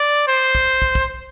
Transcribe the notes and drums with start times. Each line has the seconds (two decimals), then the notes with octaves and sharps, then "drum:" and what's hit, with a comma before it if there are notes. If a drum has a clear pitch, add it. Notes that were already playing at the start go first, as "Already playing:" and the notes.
Already playing: D5
0.28 C5
0.55 drum: kick
0.82 drum: kick
0.95 drum: kick